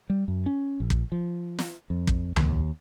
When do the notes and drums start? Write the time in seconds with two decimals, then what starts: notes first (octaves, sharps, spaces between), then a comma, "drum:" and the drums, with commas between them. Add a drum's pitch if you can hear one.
0.10 G3
0.28 F#2
0.46 C#4
0.80 A#1
0.90 drum: kick
1.12 F3
1.59 drum: snare
1.90 F2
2.07 drum: kick
2.36 D#2, drum: tom C#2